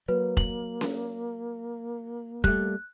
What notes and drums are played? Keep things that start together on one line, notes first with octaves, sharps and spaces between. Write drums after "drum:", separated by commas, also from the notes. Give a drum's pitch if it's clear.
F#3 A#3 B4
F#7, drum: kick F1
drum: snare C#4
G3 A3 F#6, drum: kick F1